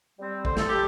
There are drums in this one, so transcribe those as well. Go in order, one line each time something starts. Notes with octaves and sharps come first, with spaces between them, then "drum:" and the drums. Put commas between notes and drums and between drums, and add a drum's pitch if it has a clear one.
G3 C4
D3 C5, drum: kick
A4, drum: snare
G3 G4